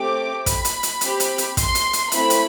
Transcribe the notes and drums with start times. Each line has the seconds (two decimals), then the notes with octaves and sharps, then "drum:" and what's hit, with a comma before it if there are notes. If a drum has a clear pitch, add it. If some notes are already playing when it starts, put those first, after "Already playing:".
Already playing: A3 C4 G4 D6
0.46 B5, drum: kick, hi-hat
0.65 drum: hi-hat
0.83 drum: hi-hat
1.01 C4 G4, drum: hi-hat
1.20 drum: hi-hat
1.38 drum: hi-hat
1.57 C6, drum: kick, hi-hat
1.75 drum: hi-hat
1.93 drum: hi-hat
2.12 A3 C4 E4 B5, drum: hi-hat
2.30 drum: hi-hat